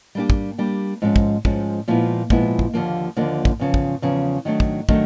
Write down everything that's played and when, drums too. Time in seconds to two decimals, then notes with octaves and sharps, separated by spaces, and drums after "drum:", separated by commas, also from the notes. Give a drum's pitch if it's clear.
0.15 G3 A#3 D4 G4
0.30 drum: kick
0.58 G3 A#3 D4 G4
1.02 G#2 F3 G#3 C#4
1.16 drum: kick
1.45 G#2 F3 G#3 C#4, drum: kick
1.88 A#2 F3 G#3 B3 E4
2.30 A#2 F3 G#3 B3 E4, drum: kick
2.59 drum: kick
2.73 D#2 D3 F3 A#3
3.16 D#2 D3 F3 A#3
3.45 drum: kick
3.59 E2 C#3 F3
3.74 drum: kick
4.02 E2 C#3 F3
4.45 D#3 F#3 A3 D4
4.60 drum: kick
4.89 D#3 F#3 A3 D4, drum: kick